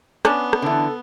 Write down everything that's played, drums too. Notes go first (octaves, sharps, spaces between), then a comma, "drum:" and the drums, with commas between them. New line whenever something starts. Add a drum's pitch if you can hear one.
B3 C#4 D4, drum: rim click
drum: rim click
D3 E3 A4